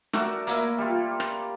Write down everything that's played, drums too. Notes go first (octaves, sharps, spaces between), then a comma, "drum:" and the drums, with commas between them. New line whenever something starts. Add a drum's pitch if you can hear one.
A3 F#4 A#4 D5, drum: snare
A#3 E4, drum: hi-hat
G3 F4
drum: rim click